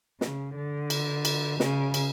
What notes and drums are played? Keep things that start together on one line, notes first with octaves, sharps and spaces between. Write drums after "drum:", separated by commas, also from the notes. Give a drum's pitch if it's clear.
C#3, drum: snare
D3
drum: cymbal
drum: cymbal
C#3, drum: snare
drum: cymbal